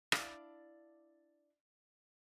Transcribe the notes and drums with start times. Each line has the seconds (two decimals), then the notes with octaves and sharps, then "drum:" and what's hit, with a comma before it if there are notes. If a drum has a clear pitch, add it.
0.12 D4 E4 D5 F5, drum: rim click